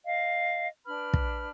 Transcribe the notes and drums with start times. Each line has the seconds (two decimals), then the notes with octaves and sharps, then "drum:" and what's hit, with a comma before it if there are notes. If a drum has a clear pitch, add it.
0.05 D#5 F5
0.86 D4 B4 B5 F6
1.14 drum: kick